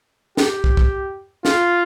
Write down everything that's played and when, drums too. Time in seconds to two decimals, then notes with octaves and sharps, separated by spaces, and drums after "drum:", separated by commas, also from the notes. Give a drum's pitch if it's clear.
0.37 G4, drum: snare
0.64 drum: kick
0.77 drum: kick
1.45 F4, drum: snare